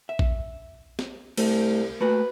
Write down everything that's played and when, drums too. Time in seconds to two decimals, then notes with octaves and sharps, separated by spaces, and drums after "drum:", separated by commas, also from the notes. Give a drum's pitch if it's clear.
0.09 E5
0.19 drum: kick A#1
0.99 drum: snare
1.37 C2 A3, drum: cymbal
2.00 A3 A#3 F#4 B4